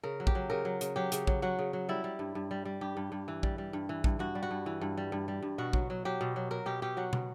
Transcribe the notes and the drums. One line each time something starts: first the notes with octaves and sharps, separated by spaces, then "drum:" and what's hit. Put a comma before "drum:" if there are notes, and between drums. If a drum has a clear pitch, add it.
C#3 A#4
F#3
G4, drum: kick A#1
F#3
C#3 A#4
F#3
C#3, drum: hi-hat
F#3 G4
C#3, drum: hi-hat
F#3, drum: kick A#1
F#3 F#4
C#3
F#3
G3 E4
G3
G2
G2
G3
G3
G2 G4
G2
G2
E3
G3, drum: kick A#1
G3
G2
E3
G2, drum: kick A#1
G2 F#4
G3
F#4
G2
E3
G2
G3
G2
G3
G2
B2 F#4
F#3, drum: kick A#1
F#3
F#3 G4
B2
F#3
F#3 A#4
B2 G4
B2 G4
F#3 F#4
B2, drum: tom